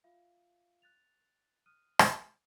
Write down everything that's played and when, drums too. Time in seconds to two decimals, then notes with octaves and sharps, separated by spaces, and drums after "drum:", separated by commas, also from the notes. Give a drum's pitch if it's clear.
0.04 F4 E5 F5
0.82 F#6 A6 F7
1.66 D#6 F6 F#6 D#7
1.99 drum: rim click